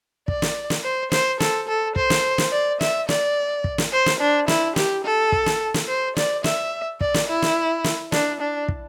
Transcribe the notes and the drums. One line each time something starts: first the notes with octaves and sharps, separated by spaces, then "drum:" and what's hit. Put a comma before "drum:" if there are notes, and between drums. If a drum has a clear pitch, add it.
D5, drum: kick
drum: snare
drum: snare
C5
C5, drum: snare
A4, drum: snare
A4
C5, drum: kick
drum: snare
drum: snare
D5
E5, drum: snare
D5, drum: snare
drum: kick
drum: snare
C5
drum: snare
D4
E4, drum: snare
G4, drum: snare
A4
drum: kick
drum: snare
drum: snare
C5
D5, drum: snare
E5, drum: snare
D5, drum: kick
drum: snare
E4
drum: snare
drum: snare
D4, drum: snare
D4
drum: kick